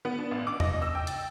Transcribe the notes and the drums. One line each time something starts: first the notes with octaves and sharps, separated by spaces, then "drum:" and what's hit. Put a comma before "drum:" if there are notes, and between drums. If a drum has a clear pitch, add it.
B3
D4
A1
D6
D#5, drum: tom E2
E6
G5
A6, drum: hi-hat